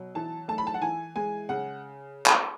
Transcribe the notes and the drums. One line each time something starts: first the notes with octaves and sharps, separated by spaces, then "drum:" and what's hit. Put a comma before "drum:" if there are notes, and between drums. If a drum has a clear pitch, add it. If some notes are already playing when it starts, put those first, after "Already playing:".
Already playing: B2 F#3
E3 A5
A3 A5
B5
A5
F#5
E3 G#5
G#3 G#5
C#3 F#5
drum: clap